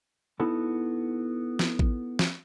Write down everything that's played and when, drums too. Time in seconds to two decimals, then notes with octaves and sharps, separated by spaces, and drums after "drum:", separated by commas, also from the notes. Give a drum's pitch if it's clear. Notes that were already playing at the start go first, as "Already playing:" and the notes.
0.40 B3 D#4 E4 F#4 A4 A5
1.59 drum: snare
1.79 drum: kick A1
2.19 drum: snare